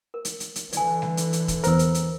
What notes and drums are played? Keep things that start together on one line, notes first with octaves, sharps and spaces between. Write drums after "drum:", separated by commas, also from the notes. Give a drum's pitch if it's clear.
A#4
drum: hi-hat
drum: hi-hat
drum: hi-hat
D3 E3 D5 G#5, drum: hi-hat
drum: snare G3
drum: hi-hat
drum: hi-hat
drum: kick, hi-hat
E2 A#4 C5 E6, drum: hi-hat
drum: hi-hat
drum: hi-hat